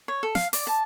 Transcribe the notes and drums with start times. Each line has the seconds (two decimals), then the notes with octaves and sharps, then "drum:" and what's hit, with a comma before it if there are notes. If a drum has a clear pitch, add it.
0.08 C#5
0.23 A4
0.35 F5, drum: snare
0.53 D5, drum: open hi-hat
0.67 A5